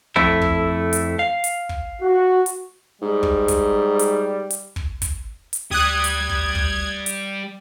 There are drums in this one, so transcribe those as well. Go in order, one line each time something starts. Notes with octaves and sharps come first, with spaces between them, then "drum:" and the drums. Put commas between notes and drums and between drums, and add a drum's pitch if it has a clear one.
F2 A3 E4, drum: kick
drum: kick
drum: hi-hat
F5
drum: hi-hat
drum: kick
F#4
drum: hi-hat
G#2 G3
drum: kick
drum: kick, hi-hat
drum: hi-hat
drum: hi-hat
drum: kick
drum: kick, hi-hat
drum: hi-hat
D2 G3 G4 D#6 F#6 G#6
drum: hi-hat
drum: kick
drum: kick
drum: hi-hat